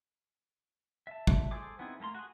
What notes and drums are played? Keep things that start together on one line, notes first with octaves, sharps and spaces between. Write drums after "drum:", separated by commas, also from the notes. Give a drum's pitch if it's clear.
E5 A5
drum: kick
G#4 A4 C5 G#5 D6
B3 C4 D#4 E4 G#4
A3 A#3 A#5 C6
F#4 G#4